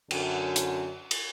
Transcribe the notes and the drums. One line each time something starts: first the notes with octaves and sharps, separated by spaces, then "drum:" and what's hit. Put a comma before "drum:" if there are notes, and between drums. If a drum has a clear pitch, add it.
F#2 D3, drum: cymbal
drum: hi-hat
drum: cymbal